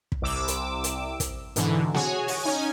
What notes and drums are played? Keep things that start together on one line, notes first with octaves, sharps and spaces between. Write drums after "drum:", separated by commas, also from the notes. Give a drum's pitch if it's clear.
drum: kick
C2 C3 D6 E6
drum: hi-hat
drum: hi-hat
drum: kick, hi-hat
G#2 B2 D3 E3, drum: hi-hat
F#4 G#4 C#5 G#5, drum: snare
drum: open hi-hat
C#4 D#4 G#5